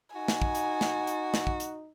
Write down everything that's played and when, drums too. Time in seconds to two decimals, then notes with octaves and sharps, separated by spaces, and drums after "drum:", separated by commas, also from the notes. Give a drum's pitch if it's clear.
0.15 D#4 F#4 G#5
0.28 drum: snare
0.42 drum: kick
0.55 drum: hi-hat
0.81 drum: snare
1.07 drum: hi-hat
1.34 drum: snare
1.47 drum: kick
1.60 drum: hi-hat